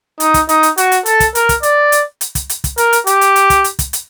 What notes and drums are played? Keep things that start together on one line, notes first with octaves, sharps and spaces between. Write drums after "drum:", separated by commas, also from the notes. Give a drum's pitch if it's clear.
D#4, drum: hi-hat
drum: kick, hi-hat
D#4, drum: hi-hat
drum: hi-hat
F#4, drum: hi-hat
drum: hi-hat
A4, drum: hi-hat
drum: kick, hi-hat
A#4, drum: hi-hat
drum: kick, hi-hat
D5, drum: hi-hat
drum: hi-hat
drum: hi-hat
drum: kick, hi-hat
drum: hi-hat
drum: kick, hi-hat
A#4, drum: hi-hat
drum: hi-hat
G4, drum: hi-hat
drum: hi-hat
drum: hi-hat
drum: kick, hi-hat
drum: hi-hat
drum: kick, hi-hat
drum: hi-hat